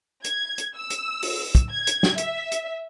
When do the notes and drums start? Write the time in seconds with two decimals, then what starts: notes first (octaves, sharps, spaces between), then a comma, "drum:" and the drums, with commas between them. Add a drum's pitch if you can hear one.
0.24 G#6, drum: hi-hat
0.58 drum: hi-hat
0.76 E6
0.90 drum: hi-hat
1.22 drum: open hi-hat
1.55 drum: kick, hi-hat
1.71 G#6
1.87 drum: hi-hat
2.03 drum: snare
2.18 E5, drum: hi-hat
2.52 drum: hi-hat